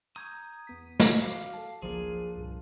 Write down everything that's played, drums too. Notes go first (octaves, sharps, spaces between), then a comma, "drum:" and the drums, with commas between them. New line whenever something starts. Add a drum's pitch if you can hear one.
A#5 C#6 D#6 G6 G#6
E2 B3 B6
drum: snare
F#4 F5 D6
A4 A5
G#1 C#2 F3 A#3 D4 G#4
C2 G2 A#2